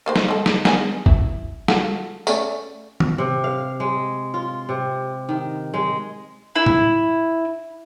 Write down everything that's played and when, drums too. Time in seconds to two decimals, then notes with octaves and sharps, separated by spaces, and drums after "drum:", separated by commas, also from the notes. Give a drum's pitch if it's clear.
0.06 D#3 A#3 C5
0.16 drum: snare
0.28 G#3 A4
0.46 drum: snare
0.65 B3 D4 G#4, drum: snare
1.06 E4, drum: kick G1
1.68 F4 F#4 A4, drum: snare
2.27 A3 C#4 D5, drum: tambourine
3.00 drum: tom
3.18 C3
3.44 F5
3.80 G#3
4.34 F4
4.69 C3
5.29 D#3
5.74 G#3
6.56 E4
6.66 drum: tom A2